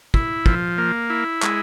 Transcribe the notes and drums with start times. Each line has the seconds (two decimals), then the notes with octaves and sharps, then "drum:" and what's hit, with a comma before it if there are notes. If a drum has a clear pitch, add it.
0.14 E4, drum: kick
0.46 F3, drum: kick
0.78 A#3
1.10 E4
1.43 G#3, drum: clap